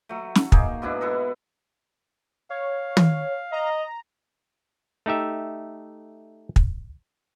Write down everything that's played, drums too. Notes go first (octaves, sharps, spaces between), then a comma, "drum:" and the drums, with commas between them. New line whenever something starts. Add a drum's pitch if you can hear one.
F#3 A3
drum: snare
A#3 D#4 G#4, drum: kick
G#2 B2 D4 E4
E4 A4 B4 D#5
C#5 F5
drum: tom
D#5 A#5
A3 D#4 G4 E5
drum: kick